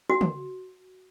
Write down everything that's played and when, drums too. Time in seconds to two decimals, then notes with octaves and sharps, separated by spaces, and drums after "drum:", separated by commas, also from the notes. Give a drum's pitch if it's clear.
0.10 F#4
0.21 drum: tom